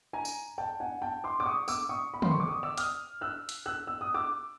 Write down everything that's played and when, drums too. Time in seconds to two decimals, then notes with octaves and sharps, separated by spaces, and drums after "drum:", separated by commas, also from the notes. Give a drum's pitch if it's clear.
0.13 G#5 A#5
0.25 drum: tambourine
0.58 G5 A5
0.80 F#5 G#5
1.02 G5 A5
1.24 C6 D6
1.40 D6
1.46 C#6 D#6
1.68 D6 E6, drum: tambourine
1.89 C#6 D#6
2.14 B5
2.22 C6, drum: tom
2.31 C#6
2.40 D6
2.48 C#6 D#6
2.63 D6 E6
2.77 D#6 F6, drum: hi-hat
3.21 E6 F#6
3.49 drum: hi-hat
3.66 E6 F#6
3.87 E6
4.01 D#6
4.14 D6 E6